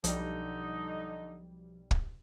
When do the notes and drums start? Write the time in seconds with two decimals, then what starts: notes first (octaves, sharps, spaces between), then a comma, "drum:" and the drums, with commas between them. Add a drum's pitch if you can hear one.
0.04 B1 D3 F3 G3 D#4, drum: hi-hat
1.91 drum: kick